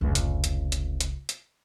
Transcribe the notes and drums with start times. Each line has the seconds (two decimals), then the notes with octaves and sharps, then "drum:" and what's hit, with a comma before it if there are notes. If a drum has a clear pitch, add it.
0.01 F1 C#2
0.15 drum: hi-hat
0.44 drum: hi-hat
0.72 drum: hi-hat
1.01 drum: hi-hat
1.29 drum: hi-hat